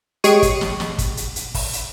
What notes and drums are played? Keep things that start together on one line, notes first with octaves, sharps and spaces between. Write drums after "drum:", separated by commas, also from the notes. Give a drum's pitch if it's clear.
G#3 G4 C#5 C#7 D#7, drum: hi-hat
drum: kick, hi-hat
drum: snare
drum: snare
drum: kick, hi-hat
drum: hi-hat
drum: hi-hat
drum: kick, open hi-hat
drum: hi-hat